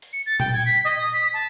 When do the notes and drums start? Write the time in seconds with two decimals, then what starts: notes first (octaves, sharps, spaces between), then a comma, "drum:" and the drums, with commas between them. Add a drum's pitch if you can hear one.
0.02 drum: open hi-hat
0.13 C#7
0.26 A6
0.40 G5, drum: tom A#2
0.53 G#6
0.66 B6
0.85 D#5
0.99 D#6
1.13 B6
1.34 A5